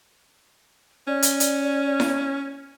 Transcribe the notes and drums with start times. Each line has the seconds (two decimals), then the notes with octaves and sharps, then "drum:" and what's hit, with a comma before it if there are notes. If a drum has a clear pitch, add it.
1.08 C#4 D5
1.22 drum: hi-hat
1.40 drum: hi-hat
2.00 drum: snare E4